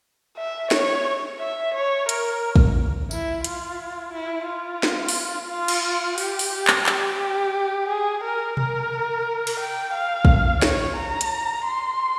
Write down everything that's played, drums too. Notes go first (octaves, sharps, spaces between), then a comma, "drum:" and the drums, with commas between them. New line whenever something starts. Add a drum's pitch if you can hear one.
E5
C#5, drum: snare
E5
C#5
A#4, drum: hi-hat
drum: kick
E4, drum: tambourine
F4, drum: hi-hat
E4
F4
drum: snare
drum: open hi-hat
F4
drum: cymbal
G4, drum: open hi-hat
drum: open hi-hat
G4
drum: clap
G4, drum: clap
G#4
A#4
A#4, drum: tom B2
drum: cymbal
G5
F5
drum: kick
C#5, drum: snare
A#5
drum: hi-hat
C6